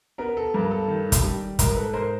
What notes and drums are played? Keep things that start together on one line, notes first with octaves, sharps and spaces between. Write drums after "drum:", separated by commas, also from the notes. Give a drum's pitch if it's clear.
B3 A#4
A4
G2 A#4
A4
D#3
drum: kick, hi-hat
G3
G#2 A#4, drum: kick, hi-hat
A4 B4
G#2 A#4 C5